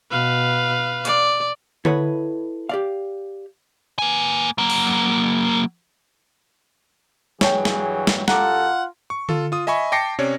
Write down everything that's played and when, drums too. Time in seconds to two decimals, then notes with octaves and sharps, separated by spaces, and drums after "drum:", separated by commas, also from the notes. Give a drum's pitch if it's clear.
0.11 B2 B4 F5
1.05 D5, drum: hi-hat
1.85 E4 A4 B4 C#5 D#5 F#5, drum: tom D3
2.69 G4 D5 F5
3.99 A#3 G#5
4.58 F#3 A#3
4.70 drum: open hi-hat
7.41 G2 E3 F#3 G#4 C#5 G5, drum: snare
7.65 drum: snare
8.07 drum: snare
8.28 F#2 F4 G4 A4 F#5 A#5 D6, drum: snare
9.10 C#6
9.29 F4 A4, drum: tom D3
9.52 F4 D#6
9.67 D#5 E5 G#5 B5 C#6
9.92 G5 A5 D6 A#6 C7 C#7
10.19 C3 C#4 C#5 D5